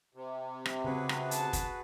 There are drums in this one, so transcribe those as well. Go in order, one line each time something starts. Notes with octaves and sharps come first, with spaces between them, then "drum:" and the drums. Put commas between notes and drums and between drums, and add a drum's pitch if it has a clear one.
C3
drum: rim click
C#3 C4 F#4 G#4 B4
drum: rim click
A5, drum: hi-hat
drum: kick, hi-hat